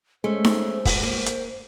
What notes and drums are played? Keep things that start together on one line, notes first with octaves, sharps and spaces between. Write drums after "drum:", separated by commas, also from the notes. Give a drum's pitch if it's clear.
G#3 A3 C#4 C5
drum: snare D#4
drum: kick, open hi-hat
A#3 C5
drum: hi-hat